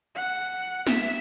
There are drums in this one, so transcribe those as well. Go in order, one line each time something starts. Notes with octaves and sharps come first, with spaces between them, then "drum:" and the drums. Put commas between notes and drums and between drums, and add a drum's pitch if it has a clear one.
F#5
E5, drum: snare